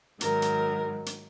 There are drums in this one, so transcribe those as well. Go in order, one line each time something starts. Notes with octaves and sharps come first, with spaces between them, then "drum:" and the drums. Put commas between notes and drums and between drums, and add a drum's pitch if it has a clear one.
G#2 D#3 F#3 A#4, drum: hi-hat
drum: hi-hat
drum: hi-hat